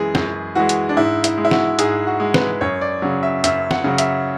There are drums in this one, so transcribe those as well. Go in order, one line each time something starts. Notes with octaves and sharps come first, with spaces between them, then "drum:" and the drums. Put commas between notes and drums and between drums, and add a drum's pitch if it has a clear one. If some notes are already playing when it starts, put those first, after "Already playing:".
Already playing: F#2 E3 G#3 G#4
F#2, drum: snare
E3 G#3 F#4
drum: hi-hat
D4
G#2 E4
E4, drum: hi-hat
G#3
E4
F#4, drum: snare
G#2 G#4, drum: hi-hat
F#4
G#3
B4, drum: snare
F#2 C#5
D5
C#3 F#3
E5
F#2 E5, drum: hi-hat
F#5, drum: snare
C#3 F#3
E5, drum: hi-hat